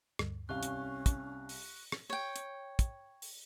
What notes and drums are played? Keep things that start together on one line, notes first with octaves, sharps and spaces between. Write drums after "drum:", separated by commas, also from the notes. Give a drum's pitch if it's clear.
D2 G2, drum: rim click
C2 C#4 F5 C#6 F#6
drum: hi-hat
drum: kick, hi-hat
drum: open hi-hat
drum: rim click
C#5 G5
drum: hi-hat
drum: kick, hi-hat
drum: open hi-hat